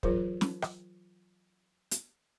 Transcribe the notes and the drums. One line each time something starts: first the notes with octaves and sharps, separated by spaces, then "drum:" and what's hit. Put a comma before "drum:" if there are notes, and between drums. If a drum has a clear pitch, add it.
E3 F#3 F4 G#4 A#4 C5, drum: kick
drum: snare
drum: rim click
drum: hi-hat